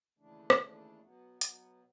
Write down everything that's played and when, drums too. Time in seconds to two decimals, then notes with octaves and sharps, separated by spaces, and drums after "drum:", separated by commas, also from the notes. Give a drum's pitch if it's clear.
0.18 D#2 C#3 E3 A3 D4
0.50 drum: rim click
0.59 D#2 C#3 E3 A3 D4
1.01 B2 F#3 B3
1.41 B2 F#3 B3, drum: hi-hat